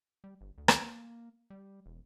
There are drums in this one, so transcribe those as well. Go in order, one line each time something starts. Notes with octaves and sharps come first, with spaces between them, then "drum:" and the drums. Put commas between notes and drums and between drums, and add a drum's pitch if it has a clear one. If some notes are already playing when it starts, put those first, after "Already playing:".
G3
G1
D2
drum: rim click
A#3
G3
E1